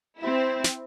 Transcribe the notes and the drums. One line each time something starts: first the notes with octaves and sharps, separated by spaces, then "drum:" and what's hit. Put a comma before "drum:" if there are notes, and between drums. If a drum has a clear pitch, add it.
C4 E4
drum: snare